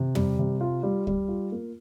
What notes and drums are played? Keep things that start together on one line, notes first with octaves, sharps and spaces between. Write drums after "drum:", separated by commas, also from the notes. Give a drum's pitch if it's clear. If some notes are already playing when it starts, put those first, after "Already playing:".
Already playing: C3
G3, drum: tom
C3
F4
G3
G3, drum: kick
F4
A#3